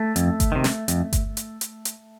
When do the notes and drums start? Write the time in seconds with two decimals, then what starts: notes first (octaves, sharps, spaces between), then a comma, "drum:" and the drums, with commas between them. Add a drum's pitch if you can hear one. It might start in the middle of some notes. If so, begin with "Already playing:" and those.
Already playing: A3
0.16 F2, drum: hi-hat
0.40 drum: kick G1, hi-hat
0.52 C3 D#3
0.64 drum: snare
0.88 F2, drum: hi-hat
1.13 drum: kick G1, hi-hat
1.37 drum: hi-hat
1.61 drum: hi-hat
1.85 drum: hi-hat